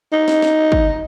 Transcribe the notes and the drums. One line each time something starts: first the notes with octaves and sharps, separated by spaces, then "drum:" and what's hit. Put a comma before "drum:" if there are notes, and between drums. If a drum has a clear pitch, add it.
D#4
drum: snare
drum: snare
drum: kick